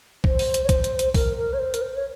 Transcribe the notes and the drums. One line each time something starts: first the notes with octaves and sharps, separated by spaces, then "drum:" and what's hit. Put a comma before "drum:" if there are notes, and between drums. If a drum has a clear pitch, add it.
C5, drum: kick B1
drum: open hi-hat
drum: hi-hat
C#5
C5, drum: kick B1, hi-hat
drum: hi-hat
drum: hi-hat
A#4, drum: kick B1, open hi-hat
A#4
C#5
C5
A#4, drum: hi-hat
C5
C#5